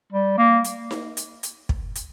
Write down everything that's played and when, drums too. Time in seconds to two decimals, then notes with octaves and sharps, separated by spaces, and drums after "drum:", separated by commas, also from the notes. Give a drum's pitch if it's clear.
0.13 G3
0.38 A#3
0.64 drum: hi-hat
0.91 drum: snare D#4
1.17 drum: hi-hat
1.43 drum: hi-hat
1.69 drum: kick
1.95 drum: hi-hat